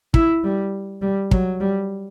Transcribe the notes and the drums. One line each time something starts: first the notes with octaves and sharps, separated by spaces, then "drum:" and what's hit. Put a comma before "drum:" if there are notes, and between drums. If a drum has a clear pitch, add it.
E4, drum: kick
G3
G3
F#3, drum: kick
G3